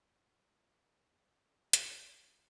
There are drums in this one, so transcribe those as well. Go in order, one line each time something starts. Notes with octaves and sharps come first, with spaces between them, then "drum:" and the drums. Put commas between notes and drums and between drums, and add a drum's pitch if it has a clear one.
D#3 B3 C4 D#4 A4
D3 G3 C4 C5
D#2 G3 C5
G3 A3
A#3 D#4 F#4 G4 A4 C5, drum: hi-hat
G2 C4